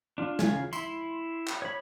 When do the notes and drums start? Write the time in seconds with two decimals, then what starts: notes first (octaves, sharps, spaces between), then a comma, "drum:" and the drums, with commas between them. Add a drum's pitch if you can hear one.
0.18 D4 F4
0.39 C#3 F4 G#5, drum: snare
0.73 E4 C6, drum: tambourine
1.48 drum: clap
1.62 C#5 B5